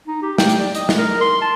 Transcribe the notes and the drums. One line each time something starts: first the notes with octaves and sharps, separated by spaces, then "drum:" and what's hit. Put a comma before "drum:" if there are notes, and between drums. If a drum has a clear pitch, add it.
D#4
G4
G5, drum: snare
drum: hi-hat
D5
D#5, drum: hi-hat
drum: snare
A#4
C6
A5